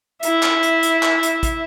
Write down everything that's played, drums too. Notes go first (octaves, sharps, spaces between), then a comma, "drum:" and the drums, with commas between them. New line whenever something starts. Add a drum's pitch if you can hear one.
E4 E5, drum: hi-hat
drum: clap
drum: hi-hat
drum: hi-hat
drum: clap
drum: hi-hat
drum: kick A1, hi-hat